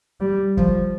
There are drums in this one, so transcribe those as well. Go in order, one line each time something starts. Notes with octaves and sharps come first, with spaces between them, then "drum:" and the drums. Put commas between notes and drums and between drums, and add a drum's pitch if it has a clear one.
G3
F3, drum: kick